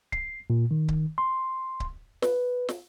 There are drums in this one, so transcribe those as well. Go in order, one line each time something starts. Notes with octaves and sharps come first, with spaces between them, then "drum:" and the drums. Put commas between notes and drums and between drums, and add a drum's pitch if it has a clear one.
C7, drum: kick C#1
A#2
D#3
drum: kick C#1
C6
drum: kick C#1
B4, drum: snare
drum: snare